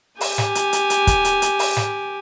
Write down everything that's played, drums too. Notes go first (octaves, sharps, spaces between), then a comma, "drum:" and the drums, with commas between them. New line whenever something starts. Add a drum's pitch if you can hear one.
G4 G#5, drum: open hi-hat
drum: snare
drum: hi-hat
drum: hi-hat
drum: hi-hat
drum: kick, hi-hat
drum: hi-hat
drum: hi-hat
drum: open hi-hat
drum: snare